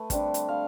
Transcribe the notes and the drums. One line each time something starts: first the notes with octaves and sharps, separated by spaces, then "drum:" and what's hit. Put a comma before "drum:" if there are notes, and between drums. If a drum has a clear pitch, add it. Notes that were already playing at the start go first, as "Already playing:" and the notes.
Already playing: A3 B4
D3 G3 C4, drum: kick, hi-hat
drum: hi-hat
F5